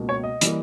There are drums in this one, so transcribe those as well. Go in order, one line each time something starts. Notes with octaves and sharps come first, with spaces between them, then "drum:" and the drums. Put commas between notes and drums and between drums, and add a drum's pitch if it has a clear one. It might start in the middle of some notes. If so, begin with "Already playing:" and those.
Already playing: C#2 B2 A#3
C#5
D#5
E3 G3 A#3, drum: hi-hat